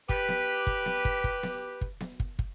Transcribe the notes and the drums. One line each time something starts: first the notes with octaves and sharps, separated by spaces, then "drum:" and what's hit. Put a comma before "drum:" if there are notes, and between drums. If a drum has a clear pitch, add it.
G4 B4, drum: kick
drum: snare B3
drum: kick
drum: snare B3
drum: kick
drum: kick
drum: snare B3
drum: kick
drum: snare B3
drum: kick
drum: kick